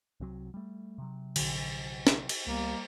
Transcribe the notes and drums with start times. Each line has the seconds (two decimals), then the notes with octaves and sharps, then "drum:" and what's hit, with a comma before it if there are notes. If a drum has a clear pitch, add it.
0.20 C2 C3 F#3
0.54 G3 A3
0.98 C3 F#3
1.36 A#1 D3, drum: cymbal
2.07 drum: snare
2.29 drum: cymbal
2.46 C#2 G3 A#3 B3